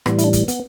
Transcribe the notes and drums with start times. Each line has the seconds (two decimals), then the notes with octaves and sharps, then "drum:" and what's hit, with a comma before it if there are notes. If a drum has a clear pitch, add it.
0.06 A2 E3 G3 B3, drum: rim click
0.18 E4, drum: hi-hat
0.24 D4
0.33 drum: kick, hi-hat
0.48 B3, drum: hi-hat